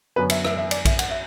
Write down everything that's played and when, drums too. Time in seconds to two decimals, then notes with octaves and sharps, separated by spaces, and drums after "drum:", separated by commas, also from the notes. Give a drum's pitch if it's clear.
0.16 F#2 D3 F#3 B3 B4
0.30 E5, drum: cymbal
0.44 E5, drum: rim click
0.57 E5
0.71 D5, drum: cymbal
0.85 E5, drum: kick A#1, cymbal
0.99 F#5, drum: cymbal
1.10 E5